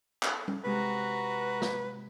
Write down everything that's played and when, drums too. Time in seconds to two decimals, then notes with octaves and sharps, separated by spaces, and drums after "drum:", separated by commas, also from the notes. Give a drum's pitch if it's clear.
0.23 A4, drum: clap
0.48 drum: tom G3
0.65 C3 G#3 F#4 B4 A#5
1.62 drum: snare